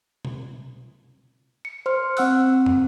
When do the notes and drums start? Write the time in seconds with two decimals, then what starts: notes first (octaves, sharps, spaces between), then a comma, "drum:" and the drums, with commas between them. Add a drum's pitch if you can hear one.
0.25 drum: tom B2
1.65 C#7
1.86 C5 C6 F6
2.17 C4 F#5 E6 F#6, drum: open hi-hat
2.66 drum: tom